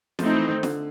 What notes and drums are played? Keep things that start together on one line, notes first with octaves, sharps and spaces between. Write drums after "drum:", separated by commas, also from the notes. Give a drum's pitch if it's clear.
F3 A3 C4 D#4, drum: snare
E3
D#3
D3, drum: snare